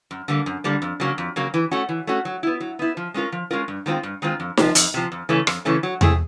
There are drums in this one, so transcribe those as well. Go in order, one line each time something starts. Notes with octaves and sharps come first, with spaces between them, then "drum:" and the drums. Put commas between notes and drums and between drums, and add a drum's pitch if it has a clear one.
F#2
D3 G3 A#3
F#2
D3 G3 A#3
F2
C#3 F#3 A#3
F2
C#3 F#3 A#3
E3
A3 C#4 F#4
E3
A3 C#4 F#4
F#3
B3 E4
F#3
B3 E4
F3
G#3 C#4 F4 A#4
F3
G#3 C#4 F4 A#4
G2
D#3 G#3 C4 F4
G2
D#3 G#3 C4 F4
F2
C3 F3, drum: snare D#4
F2, drum: hi-hat
C3 F3
F2
C#3 E3 A3 C#4
F2, drum: rim click
C#3 E3 A3 C#4
F#3
A3 C4 E4 G#4, drum: tom E2